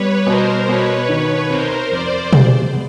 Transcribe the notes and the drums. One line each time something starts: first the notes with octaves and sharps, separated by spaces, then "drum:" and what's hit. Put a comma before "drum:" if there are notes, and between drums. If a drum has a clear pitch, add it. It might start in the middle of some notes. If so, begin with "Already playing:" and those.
Already playing: G3 B3 B4 C#5
B2 A#4 C5
B2 B4 C#5
D#3 B4 C#5
C3 A#4 C5
F2 C5 D5
G#3, drum: tom B2
B3